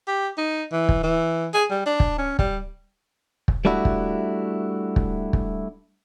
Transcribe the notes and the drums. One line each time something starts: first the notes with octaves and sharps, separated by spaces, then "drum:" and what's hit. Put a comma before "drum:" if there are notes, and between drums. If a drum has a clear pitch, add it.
G4
D#4
E3
drum: kick
E3
G#4
G3
D4
drum: kick
C#4
G3, drum: kick
drum: kick
G3 A3 D4 E4 F#4
drum: kick
drum: kick
drum: kick